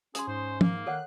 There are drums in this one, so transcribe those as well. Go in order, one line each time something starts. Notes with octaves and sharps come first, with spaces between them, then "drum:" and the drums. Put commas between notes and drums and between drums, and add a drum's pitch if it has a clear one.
C#4 G#4 C6 D#6, drum: hi-hat
G#2 C5
A#3, drum: tom
D#3 A4 C#5 F#5 F#6